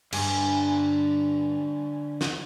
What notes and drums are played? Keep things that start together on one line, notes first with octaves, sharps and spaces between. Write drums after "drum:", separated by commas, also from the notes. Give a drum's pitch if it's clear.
G2 D3 G#5, drum: cymbal
drum: snare